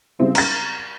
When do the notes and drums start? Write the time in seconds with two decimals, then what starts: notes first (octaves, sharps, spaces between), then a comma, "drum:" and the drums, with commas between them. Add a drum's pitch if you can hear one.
0.19 C#3 G3 C4 E4
0.35 A#5 F6 A6, drum: cymbal